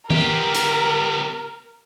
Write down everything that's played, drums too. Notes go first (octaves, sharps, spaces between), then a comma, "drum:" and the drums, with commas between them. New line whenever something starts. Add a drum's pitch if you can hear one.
B3 G4 A#4, drum: tom D#3
drum: hi-hat